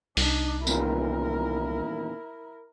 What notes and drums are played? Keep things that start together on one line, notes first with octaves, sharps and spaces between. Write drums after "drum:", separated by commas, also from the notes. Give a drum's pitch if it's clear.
C2 D4 D#4, drum: open hi-hat
E2 A#2 D#3 E4 A#4, drum: tambourine